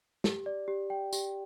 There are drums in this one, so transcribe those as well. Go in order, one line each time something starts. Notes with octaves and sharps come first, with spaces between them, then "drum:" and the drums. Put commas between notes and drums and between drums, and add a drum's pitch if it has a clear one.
G4, drum: snare
D5
G4
G5
G4, drum: tambourine